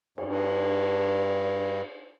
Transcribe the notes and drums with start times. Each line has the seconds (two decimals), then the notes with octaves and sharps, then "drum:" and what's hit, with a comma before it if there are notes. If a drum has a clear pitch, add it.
0.18 F#2, drum: cymbal
0.25 G2